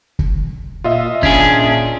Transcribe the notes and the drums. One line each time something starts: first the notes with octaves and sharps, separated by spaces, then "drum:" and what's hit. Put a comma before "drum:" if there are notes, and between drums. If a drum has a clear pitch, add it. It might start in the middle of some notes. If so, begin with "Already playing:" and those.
drum: kick
A#2 F4 D#5 E5
C#4 D4 G#4, drum: kick